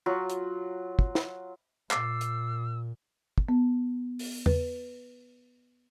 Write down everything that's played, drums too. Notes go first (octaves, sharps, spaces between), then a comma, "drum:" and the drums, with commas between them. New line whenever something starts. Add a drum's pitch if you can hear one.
F#3 F4
drum: hi-hat
drum: kick
drum: snare
A#2 D6 E6 A6 C7, drum: clap
drum: hi-hat
drum: kick
B3
drum: open hi-hat
B4, drum: tom E2